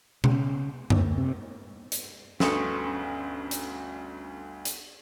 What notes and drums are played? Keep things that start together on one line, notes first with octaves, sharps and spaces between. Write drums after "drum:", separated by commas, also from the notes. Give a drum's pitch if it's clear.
C#3, drum: tom B2
D2, drum: tom F#2
C3
drum: hi-hat
G1 D2 C#4 A4 B4 C6 C#6 D#6, drum: snare
drum: hi-hat
drum: hi-hat